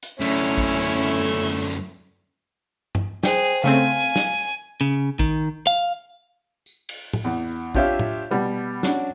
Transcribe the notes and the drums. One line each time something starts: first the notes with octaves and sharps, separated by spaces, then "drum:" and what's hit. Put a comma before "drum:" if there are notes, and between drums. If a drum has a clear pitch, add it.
drum: hi-hat
F#2 D3 A3 C#4 E4
drum: kick A1
drum: tom G2
G#4 C5 G5, drum: snare
C#3 A3 C4 F5 G#5
drum: snare
C#3
D#3, drum: kick A1
F5
drum: tambourine
drum: cymbal
drum: tom A2
E2
D4 F4 G4 C#5 E5 F5, drum: kick A1
drum: tom A2
B2 G3 B3
F#3 C#4 D4 F#4, drum: snare